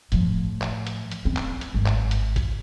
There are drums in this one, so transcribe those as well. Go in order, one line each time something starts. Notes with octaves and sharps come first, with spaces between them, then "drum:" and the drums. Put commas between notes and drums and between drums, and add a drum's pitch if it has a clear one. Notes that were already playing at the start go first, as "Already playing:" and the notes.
A2 F3, drum: hi-hat
drum: clap
drum: hi-hat
drum: hi-hat
C4
drum: clap
drum: hi-hat
G#1
drum: clap
drum: hi-hat
drum: kick A#1, hi-hat